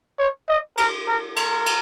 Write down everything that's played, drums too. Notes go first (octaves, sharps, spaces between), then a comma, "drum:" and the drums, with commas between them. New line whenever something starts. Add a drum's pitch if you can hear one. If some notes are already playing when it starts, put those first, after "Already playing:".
C#5
D#5
A#4, drum: cymbal
A#4
A#4, drum: cymbal
drum: cymbal